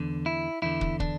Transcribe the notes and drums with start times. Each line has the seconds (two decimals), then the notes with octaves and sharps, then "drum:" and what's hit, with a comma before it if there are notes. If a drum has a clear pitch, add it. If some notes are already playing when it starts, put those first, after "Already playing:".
Already playing: E2 D3
0.26 E4
0.62 E2 D3 E4
0.81 drum: kick
1.00 D4, drum: kick